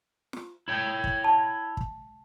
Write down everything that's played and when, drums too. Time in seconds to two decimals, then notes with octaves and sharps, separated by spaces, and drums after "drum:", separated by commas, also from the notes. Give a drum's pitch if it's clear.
0.33 drum: snare
0.68 E4 C#5 G5
1.04 drum: kick
1.24 A5
1.77 drum: kick